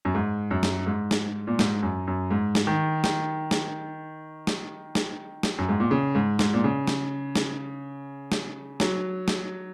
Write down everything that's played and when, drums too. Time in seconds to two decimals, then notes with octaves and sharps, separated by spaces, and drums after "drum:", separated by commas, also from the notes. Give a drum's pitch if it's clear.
0.05 F#2
0.15 G#2
0.51 F#2
0.63 drum: snare
0.86 G#2
1.11 drum: snare
1.47 A#2
1.59 G#2, drum: snare
1.83 F#2
2.07 F#2
2.31 G#2
2.55 drum: snare
2.67 D#3
3.04 D#3, drum: snare
3.51 drum: snare
4.47 drum: snare
4.95 drum: snare
5.43 drum: snare
5.58 F#2
5.69 G#2
5.80 A#2
5.91 C#3
6.15 G#2
6.39 G#2, drum: snare
6.54 A#2
6.64 C#3
6.87 drum: snare
7.36 drum: snare
8.32 drum: snare
8.80 F#3, drum: snare
9.28 drum: snare